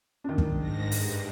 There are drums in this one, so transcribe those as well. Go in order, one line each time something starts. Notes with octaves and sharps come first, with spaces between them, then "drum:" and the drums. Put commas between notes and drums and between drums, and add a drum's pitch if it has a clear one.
D#3 D4
drum: kick
G#2 A#6
G2, drum: open hi-hat